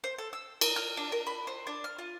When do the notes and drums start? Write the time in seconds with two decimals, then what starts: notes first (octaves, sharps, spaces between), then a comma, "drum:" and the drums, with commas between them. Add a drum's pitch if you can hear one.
0.04 C5
0.18 A4
0.33 E6
0.61 A#4, drum: cymbal
0.76 F6
0.97 D4
1.12 A#4
1.27 B5
1.47 C5
1.67 D4
1.84 F6
1.99 F4